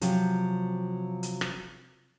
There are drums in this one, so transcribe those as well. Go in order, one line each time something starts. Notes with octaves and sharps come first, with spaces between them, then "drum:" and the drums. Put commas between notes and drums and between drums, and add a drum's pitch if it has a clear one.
C3 F3 F#3, drum: hi-hat
drum: hi-hat
drum: rim click